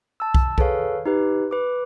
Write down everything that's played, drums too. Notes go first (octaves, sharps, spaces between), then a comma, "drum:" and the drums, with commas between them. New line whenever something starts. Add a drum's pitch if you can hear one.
A5 E6
drum: kick B1
G#4 A4 B4 C#5 F5, drum: kick B1
D#4 G4 B4
B4 D6